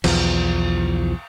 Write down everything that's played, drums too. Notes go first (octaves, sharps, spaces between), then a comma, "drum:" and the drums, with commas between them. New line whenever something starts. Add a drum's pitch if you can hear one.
B1 E2 F3, drum: cymbal